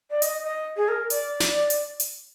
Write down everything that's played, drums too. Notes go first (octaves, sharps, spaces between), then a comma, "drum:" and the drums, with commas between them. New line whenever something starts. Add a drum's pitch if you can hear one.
D5
D#5, drum: hi-hat
D#5
G#4
A#4
D5, drum: hi-hat
drum: snare
drum: hi-hat
drum: hi-hat